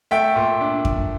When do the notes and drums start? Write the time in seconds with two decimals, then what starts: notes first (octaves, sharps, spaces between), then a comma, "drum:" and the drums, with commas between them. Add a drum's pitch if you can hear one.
0.11 A3 E5 G5
0.35 A#2
0.61 D4
0.85 drum: kick F2